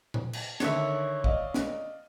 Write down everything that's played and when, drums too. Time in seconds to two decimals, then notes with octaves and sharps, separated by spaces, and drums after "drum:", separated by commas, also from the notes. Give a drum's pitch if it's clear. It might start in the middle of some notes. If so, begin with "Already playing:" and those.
0.14 drum: tom A#2
0.33 drum: cymbal
0.60 D3 D#3 C#5 E5, drum: snare
1.24 D5 D#5 F5, drum: kick
1.54 drum: snare